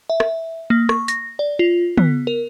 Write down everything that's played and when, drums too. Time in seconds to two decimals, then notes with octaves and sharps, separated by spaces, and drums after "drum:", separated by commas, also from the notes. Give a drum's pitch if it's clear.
0.10 E5
0.20 drum: rim click
0.70 A#3
0.89 C#6, drum: rim click
1.08 A#6, drum: hi-hat
1.39 D5
1.59 F4
1.97 B3, drum: tom
2.27 A#4